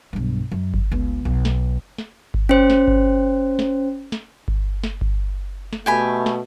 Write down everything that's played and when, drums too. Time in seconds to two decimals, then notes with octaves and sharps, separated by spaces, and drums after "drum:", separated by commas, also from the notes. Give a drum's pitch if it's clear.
0.13 B1 G2
0.51 F#2
0.74 drum: kick G1
0.92 C#2 B3
1.25 B1
1.45 drum: snare
1.98 drum: snare
2.34 drum: kick G1
2.49 C#4 C5
2.70 drum: snare
2.88 drum: kick G1
3.59 drum: snare
4.12 drum: snare
4.48 drum: kick G1
4.84 drum: snare
5.01 drum: kick G1
5.73 drum: snare
5.86 B2 A3 G4 G#5 B5
6.26 drum: snare